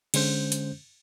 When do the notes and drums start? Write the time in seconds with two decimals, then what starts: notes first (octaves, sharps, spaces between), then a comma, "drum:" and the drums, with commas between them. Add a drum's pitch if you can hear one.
0.14 D3 G#3 C#4 C5 G6, drum: cymbal
0.52 drum: hi-hat